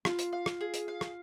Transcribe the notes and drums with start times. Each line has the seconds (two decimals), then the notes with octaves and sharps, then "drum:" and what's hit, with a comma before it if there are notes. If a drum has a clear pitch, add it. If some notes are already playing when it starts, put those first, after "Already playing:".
0.05 F4 F5, drum: rim click
0.19 drum: hi-hat
0.33 F5
0.46 drum: rim click
0.61 G#4
0.74 drum: hi-hat
0.88 F5
1.01 drum: rim click